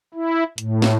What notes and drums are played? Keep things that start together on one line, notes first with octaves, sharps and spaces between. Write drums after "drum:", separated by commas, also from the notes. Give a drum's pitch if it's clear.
E4
A2, drum: hi-hat
drum: snare